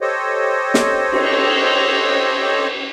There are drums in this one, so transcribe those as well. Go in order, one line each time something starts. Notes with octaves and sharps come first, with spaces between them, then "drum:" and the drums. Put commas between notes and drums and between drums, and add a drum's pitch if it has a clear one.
G4 A4 C5 C#5 D#5
drum: snare
drum: cymbal